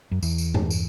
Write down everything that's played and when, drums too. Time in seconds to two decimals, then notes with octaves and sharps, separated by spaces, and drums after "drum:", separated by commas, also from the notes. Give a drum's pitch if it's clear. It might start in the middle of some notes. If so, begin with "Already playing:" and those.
0.11 F#2
0.23 E2, drum: tambourine
0.38 drum: tambourine
0.54 drum: tom G2
0.70 drum: tambourine